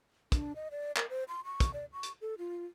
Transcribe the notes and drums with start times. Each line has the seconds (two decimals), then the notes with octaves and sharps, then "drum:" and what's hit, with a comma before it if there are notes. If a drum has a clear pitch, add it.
0.32 D4, drum: kick, hi-hat
0.55 D#5
0.71 D5
0.97 A#4, drum: clap
1.10 C5
1.28 C6
1.45 C#6
1.60 drum: kick, hi-hat
1.74 D5
1.93 C#6
2.03 drum: hi-hat
2.21 A4
2.38 F4